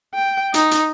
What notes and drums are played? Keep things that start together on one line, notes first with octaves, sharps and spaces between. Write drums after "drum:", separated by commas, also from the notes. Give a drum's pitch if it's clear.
G5
D#4, drum: hi-hat
drum: hi-hat